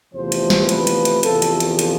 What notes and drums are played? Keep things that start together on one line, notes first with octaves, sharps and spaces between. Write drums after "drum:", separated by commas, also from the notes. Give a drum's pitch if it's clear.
E2 C3 F3 A3 C5
drum: hi-hat
drum: snare
B4, drum: hi-hat
drum: hi-hat
drum: hi-hat
E2 C3 F3 A4, drum: hi-hat
drum: hi-hat
drum: hi-hat
drum: hi-hat